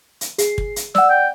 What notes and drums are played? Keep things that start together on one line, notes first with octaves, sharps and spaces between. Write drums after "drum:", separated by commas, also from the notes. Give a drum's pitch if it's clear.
drum: hi-hat
G#4 C7, drum: hi-hat
drum: kick
drum: hi-hat
D5 F#5 E6, drum: snare
G5